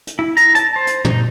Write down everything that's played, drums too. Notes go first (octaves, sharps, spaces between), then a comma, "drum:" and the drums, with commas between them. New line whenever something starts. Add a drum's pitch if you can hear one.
drum: hi-hat
E4
A#5, drum: hi-hat
A5, drum: hi-hat
C5
drum: hi-hat
D#4, drum: tom